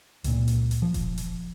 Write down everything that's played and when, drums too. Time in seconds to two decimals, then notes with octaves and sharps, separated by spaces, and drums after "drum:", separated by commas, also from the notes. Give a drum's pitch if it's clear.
0.24 C#2 A#2, drum: hi-hat
0.48 drum: hi-hat
0.71 drum: hi-hat
0.82 F3
0.94 drum: kick E1, hi-hat
1.18 drum: hi-hat